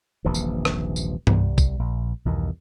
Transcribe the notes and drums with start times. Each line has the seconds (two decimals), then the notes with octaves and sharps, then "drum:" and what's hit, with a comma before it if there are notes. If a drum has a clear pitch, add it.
0.25 D#1 A#1 C3 E3
0.34 drum: tambourine
0.65 drum: rim click
0.96 drum: tambourine
1.27 C2 G3, drum: tom G2
1.58 drum: kick A#1, tambourine
1.79 A#1
2.25 B1 E2 G2 D#3